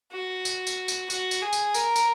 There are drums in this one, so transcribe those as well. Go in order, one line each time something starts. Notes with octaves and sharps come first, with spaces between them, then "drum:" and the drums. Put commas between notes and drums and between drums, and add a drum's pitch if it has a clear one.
F#4
drum: tambourine
drum: tambourine
drum: tambourine
F#4, drum: tambourine
drum: tambourine
G#4
drum: tambourine
A#4, drum: tambourine
drum: tambourine